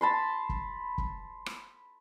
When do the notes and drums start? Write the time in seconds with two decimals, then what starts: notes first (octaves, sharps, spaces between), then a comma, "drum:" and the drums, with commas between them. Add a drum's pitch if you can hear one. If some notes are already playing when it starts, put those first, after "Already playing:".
0.01 A5 B5 C6
0.49 drum: kick
0.98 drum: kick
1.46 drum: rim click